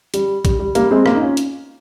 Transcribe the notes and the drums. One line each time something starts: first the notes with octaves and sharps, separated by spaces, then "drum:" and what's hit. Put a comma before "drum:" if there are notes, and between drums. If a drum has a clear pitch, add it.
G3, drum: hi-hat
G3, drum: kick, hi-hat
G3
G3 A#3, drum: hi-hat
G#3 C4
A#3 C#4, drum: rim click
D#4
C#4 F4
drum: hi-hat